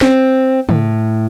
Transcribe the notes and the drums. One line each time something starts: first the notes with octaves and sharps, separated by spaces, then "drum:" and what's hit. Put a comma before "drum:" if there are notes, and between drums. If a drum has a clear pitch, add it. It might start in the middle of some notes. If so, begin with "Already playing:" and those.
C4, drum: snare
A2, drum: tom C#3